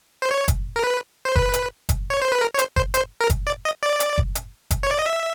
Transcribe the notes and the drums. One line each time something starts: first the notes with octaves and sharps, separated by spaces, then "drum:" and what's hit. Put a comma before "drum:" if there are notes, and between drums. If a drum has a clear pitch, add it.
C5
C#5
drum: kick F#1, hi-hat
A#4
B4
C5
B4, drum: kick F#1
drum: hi-hat
drum: kick F#1, hi-hat
C#5
C5
B4
A#4
C#5
C5, drum: hi-hat
C5, drum: kick F#1
C5, drum: hi-hat
A#4
drum: kick F#1, hi-hat
D5
D#5
D5
drum: hi-hat
drum: kick F#1
drum: hi-hat
drum: kick F#1, hi-hat
C#5
D5
D#5
E5